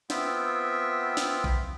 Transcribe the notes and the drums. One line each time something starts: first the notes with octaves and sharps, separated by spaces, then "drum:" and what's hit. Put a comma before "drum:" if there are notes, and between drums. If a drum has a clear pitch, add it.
B3 C4 F4 E5 G5, drum: snare
drum: snare
drum: kick A#1